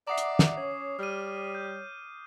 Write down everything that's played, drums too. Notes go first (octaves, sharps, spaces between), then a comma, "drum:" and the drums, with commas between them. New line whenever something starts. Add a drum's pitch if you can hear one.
D5 E5 F#5 A#5 D6 D#6 C7
drum: hi-hat
drum: snare
C#4 C#5
G3 F6 D#7
G6